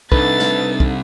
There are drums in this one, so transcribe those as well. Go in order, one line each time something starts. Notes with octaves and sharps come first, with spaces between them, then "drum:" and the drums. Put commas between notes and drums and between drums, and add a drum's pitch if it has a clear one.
C2 D4 D#4 A4 B4 A6, drum: kick
drum: snare
drum: kick